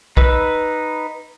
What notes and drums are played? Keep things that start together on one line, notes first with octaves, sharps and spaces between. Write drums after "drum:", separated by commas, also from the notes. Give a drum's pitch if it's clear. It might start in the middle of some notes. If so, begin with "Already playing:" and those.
D#4 B4 E6, drum: kick